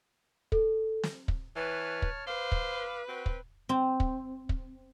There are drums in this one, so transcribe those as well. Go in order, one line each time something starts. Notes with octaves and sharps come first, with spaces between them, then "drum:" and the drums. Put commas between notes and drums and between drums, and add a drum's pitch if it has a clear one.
A4, drum: kick
drum: snare
drum: kick
E3 B4 C#5 A5 F6
drum: kick
B4 C5 F5 D6 E6
drum: kick
C4 F#4
drum: kick
C4
drum: kick
drum: kick